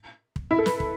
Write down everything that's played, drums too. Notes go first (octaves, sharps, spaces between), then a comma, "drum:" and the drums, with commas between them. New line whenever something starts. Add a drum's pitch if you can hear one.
drum: kick
E4
A4
B4, drum: snare
drum: kick